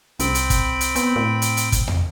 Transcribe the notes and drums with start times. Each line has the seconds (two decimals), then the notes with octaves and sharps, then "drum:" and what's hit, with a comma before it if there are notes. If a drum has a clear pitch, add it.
0.19 C2 C4 G5 B5, drum: hi-hat
0.35 drum: hi-hat
0.50 drum: kick, hi-hat
0.81 drum: hi-hat
0.96 B3, drum: hi-hat
1.16 A2
1.42 drum: hi-hat
1.57 drum: hi-hat
1.72 drum: kick, hi-hat
1.88 drum: tom E2